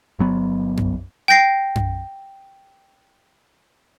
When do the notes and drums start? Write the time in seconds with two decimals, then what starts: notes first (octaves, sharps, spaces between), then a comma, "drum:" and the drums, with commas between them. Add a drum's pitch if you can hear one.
0.19 G1 F#3 B3
0.77 drum: tom F#2
1.28 G5 G6 A#6 C7
1.75 drum: tom F#2